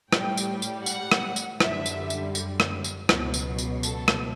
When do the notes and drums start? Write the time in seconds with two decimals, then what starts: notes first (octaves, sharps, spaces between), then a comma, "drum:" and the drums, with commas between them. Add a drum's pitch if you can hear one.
0.13 A2 G3 G5, drum: rim click
0.37 drum: tambourine
0.62 drum: tambourine
0.86 F#5, drum: tambourine
1.12 drum: rim click
1.36 drum: tambourine
1.60 F#2 D3 G3 E5, drum: rim click
1.86 drum: tambourine
2.10 drum: tambourine
2.35 drum: tambourine
2.60 drum: rim click
2.84 drum: tambourine
3.09 C#2 B2 F#3, drum: rim click
3.34 drum: tambourine
3.58 drum: tambourine
3.83 A4, drum: tambourine
4.08 drum: rim click